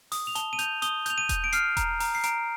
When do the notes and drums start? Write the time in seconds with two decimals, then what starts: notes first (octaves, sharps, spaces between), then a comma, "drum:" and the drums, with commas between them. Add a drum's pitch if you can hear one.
0.12 D#6, drum: open hi-hat
0.27 F7
0.35 A5 G7, drum: hi-hat
0.53 D#7
0.59 G6 F7, drum: hi-hat
0.82 D#6 G7, drum: hi-hat
1.06 G6 F7, drum: hi-hat
1.18 D#7
1.29 G6, drum: kick E1, hi-hat
1.44 D7
1.53 F6 C7, drum: hi-hat
1.77 A#5, drum: kick E1, hi-hat
2.00 A#5, drum: open hi-hat
2.15 C7
2.24 A#5 D7, drum: hi-hat